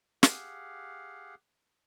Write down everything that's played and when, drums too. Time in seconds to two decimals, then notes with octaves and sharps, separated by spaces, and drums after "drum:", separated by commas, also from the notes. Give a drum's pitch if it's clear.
0.23 G4 G#4 F5 F#5, drum: snare